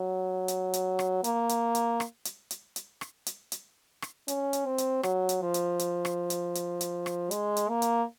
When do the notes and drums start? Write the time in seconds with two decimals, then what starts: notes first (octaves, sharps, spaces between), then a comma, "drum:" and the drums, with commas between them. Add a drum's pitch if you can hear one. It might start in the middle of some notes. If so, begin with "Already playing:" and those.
Already playing: F#3
0.48 drum: hi-hat
0.73 drum: hi-hat
0.99 drum: rim click
1.24 A#3, drum: hi-hat
1.49 drum: hi-hat
1.75 drum: hi-hat
2.00 drum: rim click
2.25 drum: hi-hat
2.51 drum: hi-hat
2.76 drum: hi-hat
3.01 drum: rim click
3.26 drum: hi-hat
3.52 drum: hi-hat
4.02 drum: rim click
4.28 C#4, drum: hi-hat
4.53 drum: hi-hat
4.66 C4
4.78 drum: hi-hat
5.03 F#3, drum: rim click
5.29 drum: hi-hat
5.42 F3
5.54 drum: hi-hat
5.79 drum: hi-hat
6.05 drum: rim click
6.30 drum: hi-hat
6.55 drum: hi-hat
6.81 drum: hi-hat
7.06 drum: rim click
7.31 G#3, drum: hi-hat
7.57 drum: hi-hat
7.69 A#3
7.82 drum: hi-hat